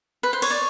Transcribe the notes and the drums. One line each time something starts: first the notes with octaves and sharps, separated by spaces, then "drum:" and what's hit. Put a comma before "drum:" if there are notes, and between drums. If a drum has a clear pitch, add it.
B4
C5
C#5, drum: cymbal
D5